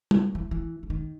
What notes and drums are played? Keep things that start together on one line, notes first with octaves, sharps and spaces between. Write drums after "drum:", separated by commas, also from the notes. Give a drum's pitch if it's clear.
drum: tom
E3
E3
D3
D#3